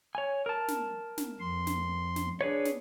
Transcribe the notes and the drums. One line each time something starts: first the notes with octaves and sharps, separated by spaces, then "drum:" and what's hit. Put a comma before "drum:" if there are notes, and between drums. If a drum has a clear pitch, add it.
C#5 G#5
A#4 A5
drum: snare
drum: snare
F2 C6
drum: snare
drum: snare
D4 G#4 B4 C#5
drum: snare